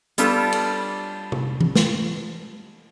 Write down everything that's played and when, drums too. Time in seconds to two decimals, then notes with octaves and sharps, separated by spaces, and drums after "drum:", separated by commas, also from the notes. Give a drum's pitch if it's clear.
0.18 G3 B3 D4 F4 A4, drum: hi-hat
0.53 drum: cymbal
1.32 drum: tom
1.61 drum: tom E3
1.75 drum: snare